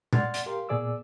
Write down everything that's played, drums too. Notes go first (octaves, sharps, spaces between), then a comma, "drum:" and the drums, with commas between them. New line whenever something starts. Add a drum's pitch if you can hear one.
D5 F#5 C6 F6 G#6 A6, drum: tom A#2
drum: hi-hat
G4 A#4 F5 C6
A#2 B3 G#4 D5 D6 E6